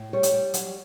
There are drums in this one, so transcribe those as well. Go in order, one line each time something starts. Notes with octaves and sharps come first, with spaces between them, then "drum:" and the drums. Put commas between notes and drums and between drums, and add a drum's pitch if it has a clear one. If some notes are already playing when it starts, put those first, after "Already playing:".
Already playing: A2
G3 C#5
drum: hi-hat
G3
F#3, drum: hi-hat